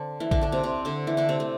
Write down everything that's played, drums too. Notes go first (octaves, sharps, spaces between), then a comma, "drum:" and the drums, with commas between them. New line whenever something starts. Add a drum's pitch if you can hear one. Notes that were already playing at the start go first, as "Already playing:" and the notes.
Already playing: D3 C4 D4
E3 E4
D3 D4, drum: kick
D3 D4
C3 C4
C3 C4
D3 D4
E3 E4
D3 D4
C3 C4
A3